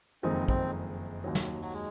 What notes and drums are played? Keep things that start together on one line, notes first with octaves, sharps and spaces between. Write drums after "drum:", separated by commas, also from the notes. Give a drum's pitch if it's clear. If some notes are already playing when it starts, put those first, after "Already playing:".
F#1 F2 D#3 G#3 C4 D#4
C4, drum: kick
D#2 D#3 F#3
drum: snare
F#3, drum: open hi-hat
G#3